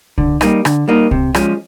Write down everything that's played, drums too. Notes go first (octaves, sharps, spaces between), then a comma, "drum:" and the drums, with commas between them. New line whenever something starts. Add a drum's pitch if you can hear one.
D3, drum: kick C2
G3 A#3 D#4, drum: rim click
D3, drum: rim click
G3 A#3 D#4
C3, drum: kick C2
F3 G#3 C#4, drum: rim click